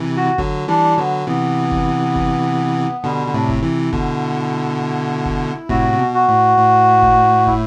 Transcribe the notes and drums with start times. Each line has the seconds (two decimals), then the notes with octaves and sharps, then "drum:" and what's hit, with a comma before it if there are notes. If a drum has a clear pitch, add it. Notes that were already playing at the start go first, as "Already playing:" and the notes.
Already playing: C3 E3
0.16 F#4
0.38 D3 F#3, drum: kick
0.68 E3 G3 D4
0.97 D3 F#3 B3
1.27 C3 E3 B3
1.71 drum: kick
2.16 drum: kick
3.04 B2 D3 G3
3.27 D3
3.34 A2 C3 D4
3.49 E4, drum: kick
3.63 C3 E3
3.92 B2 D3, drum: kick
5.25 drum: kick
5.69 A2 C3 F#4, drum: kick
5.93 C3
5.99 B2
6.14 F#4
6.29 A2
6.58 A2
7.02 drum: kick
7.47 E4, drum: kick